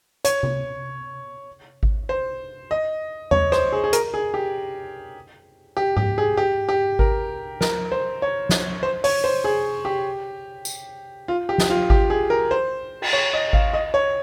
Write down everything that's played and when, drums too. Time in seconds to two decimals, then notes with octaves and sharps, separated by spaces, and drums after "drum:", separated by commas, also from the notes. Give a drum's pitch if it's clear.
0.25 C#5, drum: hi-hat
0.43 drum: tom C3
1.83 drum: kick G#1
2.09 C5
2.71 D#5
3.31 C#5, drum: tom E2
3.52 C5, drum: rim click
3.72 G#4
3.84 G#4
3.93 A#4, drum: hi-hat
4.14 G#4
4.34 G4
5.77 G4
5.97 G4, drum: tom G#2
6.18 G#4
6.37 G4
6.69 G4
6.99 A#4, drum: kick G#1
7.61 A#4, drum: snare
7.92 C5
8.22 C#5
8.49 drum: snare
8.83 C5
9.04 C#5, drum: open hi-hat
9.24 C5
9.44 G#4
9.85 G4
10.65 drum: tambourine
11.28 F4
11.49 G4
11.58 drum: snare
11.70 F4
11.90 G4, drum: kick G#1
12.10 G#4
12.30 A#4
12.51 C5
13.02 drum: cymbal
13.13 C#5
13.33 D#5
13.53 F5, drum: kick G#1
13.73 D#5
13.94 C#5